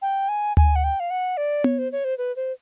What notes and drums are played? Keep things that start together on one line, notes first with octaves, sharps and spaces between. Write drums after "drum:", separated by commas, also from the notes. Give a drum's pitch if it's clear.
G5
G#5
G#5, drum: tom D2
F#5
G5
F5
F#5
D5
C#5, drum: tom B3
C5
C#5
C5
B4
C5